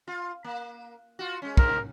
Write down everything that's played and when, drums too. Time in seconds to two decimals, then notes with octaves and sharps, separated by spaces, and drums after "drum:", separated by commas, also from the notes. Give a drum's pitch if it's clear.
0.07 F4
0.44 A#3
1.19 F4 F#4
1.42 G#3 C#4
1.57 G2 A#4, drum: kick